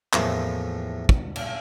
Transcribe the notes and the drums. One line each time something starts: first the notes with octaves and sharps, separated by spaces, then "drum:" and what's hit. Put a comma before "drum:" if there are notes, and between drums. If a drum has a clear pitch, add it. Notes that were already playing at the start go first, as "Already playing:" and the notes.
E2 A2 F3 A3 A#3 C#4, drum: clap
drum: kick
drum: cymbal